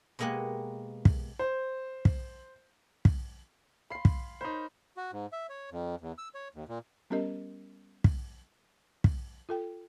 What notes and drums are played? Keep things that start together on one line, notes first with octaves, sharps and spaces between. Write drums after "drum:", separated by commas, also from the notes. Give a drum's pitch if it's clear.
B2 G#3 A#3 G4 F#5 G#5
drum: kick
C5
drum: kick
drum: kick
F5 B5 C6 C7
drum: kick
D#4 A#4 C5 C#5 B5
F#4
G#2
E5
C#5
F2
E2
E6
C#5
D#2
A#2
G3 B3 C#4 G4 A#4 D#5
drum: kick
drum: kick
F4 A4 G5